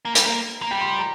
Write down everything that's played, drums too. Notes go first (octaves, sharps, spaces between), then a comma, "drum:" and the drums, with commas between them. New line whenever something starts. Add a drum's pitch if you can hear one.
A#3
G3, drum: hi-hat
A#3
A#3
G3 G5
C6
A#5